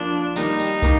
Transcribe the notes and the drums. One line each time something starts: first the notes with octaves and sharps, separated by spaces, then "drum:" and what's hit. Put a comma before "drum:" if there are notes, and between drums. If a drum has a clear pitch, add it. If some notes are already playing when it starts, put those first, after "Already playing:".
Already playing: F3 A#3 D4 F4 A#4
D#3 G3 A#3 D#4, drum: tambourine
drum: tambourine
D#3 A#3, drum: kick, tambourine